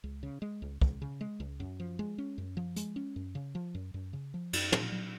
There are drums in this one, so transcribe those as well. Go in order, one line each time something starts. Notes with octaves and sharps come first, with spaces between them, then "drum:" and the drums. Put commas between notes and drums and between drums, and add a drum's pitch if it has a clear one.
C#2
C#3
G#3
C#2
C#2, drum: kick
C#3
G#3
C#2
F#2
F3
G#3
C#4
F#2
F3
G#3, drum: hi-hat
C#4
F#2
C#3
F3
F#2
F#2
C#3
F3
F#2, drum: cymbal
A#2, drum: tom
F#3